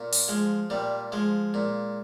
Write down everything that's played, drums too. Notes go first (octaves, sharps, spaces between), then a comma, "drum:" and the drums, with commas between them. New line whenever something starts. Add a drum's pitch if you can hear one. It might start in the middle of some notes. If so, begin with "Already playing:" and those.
Already playing: A#2
drum: open hi-hat
F3 G#3
A#2 G3
F3 G#3
A#2